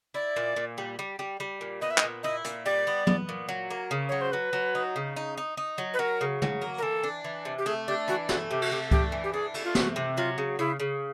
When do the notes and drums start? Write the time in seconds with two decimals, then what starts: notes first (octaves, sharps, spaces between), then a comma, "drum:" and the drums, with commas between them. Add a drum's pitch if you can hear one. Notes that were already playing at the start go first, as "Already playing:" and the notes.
0.14 E4 D5
0.36 A#2
0.56 A#2
0.78 G3
0.99 G3
1.19 G3
1.40 G3
1.61 A#2
1.81 B3 D#5
1.91 E5
1.98 D#5, drum: clap
2.03 A#2
2.23 E4 D#5
2.45 A#2, drum: hi-hat
2.66 G3 D5
2.87 B3
3.07 B3, drum: tom
3.29 A#2
3.49 F#3
3.70 A#3
3.91 C#3
4.09 F#3 C#5
4.21 C5
4.32 F#3 B4
4.53 F#3
4.75 D#4
4.96 C#3
5.17 D#4
5.37 D#4
5.57 D#4
5.78 F#3
5.94 B4
5.99 F#3 A#4
6.21 C#3
6.42 F#3, drum: tom
6.62 A#3
6.78 A#4
6.82 E3 A4
7.04 D4
7.24 E3
7.45 C3
7.58 G4
7.66 A3 G#4
7.88 D4 G4
8.08 E3 F#4
8.29 A3 F#4, drum: snare
8.50 C3 G4
8.62 F#4, drum: cymbal
8.72 A3 G4
8.91 D4 G4, drum: kick C#2
9.12 E3
9.24 G4
9.33 D4 G#4
9.54 A3, drum: cymbal
9.65 F4
9.75 C3 F#4, drum: snare
9.96 C3
10.17 F#3 F4
10.38 C#3
10.59 C#3 E4
10.80 C#3